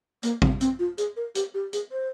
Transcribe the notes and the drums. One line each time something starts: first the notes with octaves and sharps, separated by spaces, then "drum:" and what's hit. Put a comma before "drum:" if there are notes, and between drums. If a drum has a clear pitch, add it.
A#3, drum: hi-hat
C4, drum: kick A1
C4, drum: hi-hat
F4
G#4, drum: hi-hat
A#4
G4, drum: hi-hat
G4
G#4, drum: hi-hat
C5